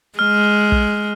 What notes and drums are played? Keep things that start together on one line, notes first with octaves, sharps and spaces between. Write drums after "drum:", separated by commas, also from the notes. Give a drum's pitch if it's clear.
G#3 F6
drum: kick